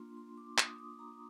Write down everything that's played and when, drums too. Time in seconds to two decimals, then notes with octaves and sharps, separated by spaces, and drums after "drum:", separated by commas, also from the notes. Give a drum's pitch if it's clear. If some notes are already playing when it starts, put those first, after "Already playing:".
Already playing: A#3 D4 F4 C6
0.17 C6
0.37 D6
0.58 D#6, drum: clap
0.78 D6
0.99 A#5